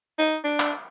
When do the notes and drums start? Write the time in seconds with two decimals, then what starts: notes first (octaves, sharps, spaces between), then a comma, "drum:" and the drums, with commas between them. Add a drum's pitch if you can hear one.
0.19 D#4
0.44 D4
0.60 drum: clap